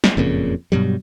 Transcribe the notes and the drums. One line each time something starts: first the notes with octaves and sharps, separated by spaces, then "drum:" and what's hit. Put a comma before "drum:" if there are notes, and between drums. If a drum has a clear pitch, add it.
drum: snare
F#1 F2 A#2 C#3
G2 B2 F#3 G3